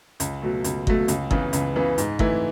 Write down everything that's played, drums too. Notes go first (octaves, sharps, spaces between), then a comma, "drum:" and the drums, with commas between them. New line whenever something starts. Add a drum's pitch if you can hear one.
C#2, drum: hi-hat
B2 F#3 A3
C#2, drum: hi-hat
B2 F#3 A3, drum: kick G1
C#2, drum: hi-hat
C#3 E3 B3, drum: kick G1
C#2, drum: hi-hat
C#3 E3 B3
G#2, drum: hi-hat
E3 A3 E4, drum: kick G1